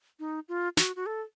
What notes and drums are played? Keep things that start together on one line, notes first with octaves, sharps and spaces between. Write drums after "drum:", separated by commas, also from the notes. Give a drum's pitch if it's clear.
D#4
F4
F#4, drum: snare
F#4
A4